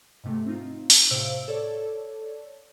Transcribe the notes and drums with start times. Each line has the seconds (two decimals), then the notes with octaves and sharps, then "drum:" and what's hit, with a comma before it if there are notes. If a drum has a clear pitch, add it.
0.24 G#2 C3 A3
0.46 C4 D#4 F4
0.90 drum: open hi-hat
1.11 A2 C3 C5 F5 E6 D7
1.48 A4 C#5 D5